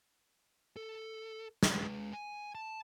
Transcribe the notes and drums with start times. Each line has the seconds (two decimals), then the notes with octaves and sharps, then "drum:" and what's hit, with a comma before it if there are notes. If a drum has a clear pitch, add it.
0.76 A4
1.63 drum: snare
1.73 G#3 B4
2.13 G#5
2.55 A5